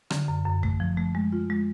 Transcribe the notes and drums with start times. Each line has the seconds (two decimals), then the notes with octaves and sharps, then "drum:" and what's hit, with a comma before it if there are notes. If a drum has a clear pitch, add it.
0.10 D3, drum: rim click
0.28 F#2
0.45 F#2
0.63 A3, drum: kick
0.80 F3
0.97 A3
1.15 G#3
1.32 F4
1.50 G#3